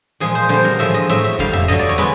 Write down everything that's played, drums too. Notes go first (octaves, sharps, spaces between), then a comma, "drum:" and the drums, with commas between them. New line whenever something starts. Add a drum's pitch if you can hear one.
A#2 F3 G#3 G#4
C5
D3 G3 C5, drum: snare
A#4, drum: snare
A2 F3 G#3 E5
D#5
A2 F#3 E5, drum: snare
E5
D3 G3 F5, drum: kick
E5, drum: tom E2
D3 F#3 D#5
D5
C#5
G#3 B4, drum: snare